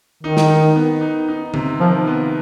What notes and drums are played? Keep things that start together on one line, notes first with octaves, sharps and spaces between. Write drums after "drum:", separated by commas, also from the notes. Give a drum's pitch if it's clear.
D#3 D#4
drum: snare
D#4
B3
D#4
D#4
C3, drum: tom D3
D#3 F3
B3